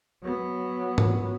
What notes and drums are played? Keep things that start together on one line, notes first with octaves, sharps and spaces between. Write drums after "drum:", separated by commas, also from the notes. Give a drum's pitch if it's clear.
F#3 B3
drum: tom G#2